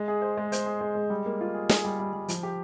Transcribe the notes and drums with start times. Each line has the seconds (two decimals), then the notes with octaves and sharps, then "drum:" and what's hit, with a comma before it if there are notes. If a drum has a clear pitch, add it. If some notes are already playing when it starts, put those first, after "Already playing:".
Already playing: G#3
0.08 G#4
0.22 C5
0.38 G#3
0.52 C5, drum: hi-hat
0.66 G#4
0.81 G#3
0.95 G#3
1.10 G3
1.26 A#3
1.41 F4
1.54 G#4
1.69 G#4, drum: snare
1.85 G3
1.99 G3
2.13 G3
2.29 F3, drum: hi-hat
2.43 G4